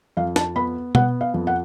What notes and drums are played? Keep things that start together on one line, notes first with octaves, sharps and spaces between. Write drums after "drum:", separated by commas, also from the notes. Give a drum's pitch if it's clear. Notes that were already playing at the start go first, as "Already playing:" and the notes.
F2 F5
A5, drum: snare
B3 B5
B3 F#5, drum: tom B2
F5
F2
F#5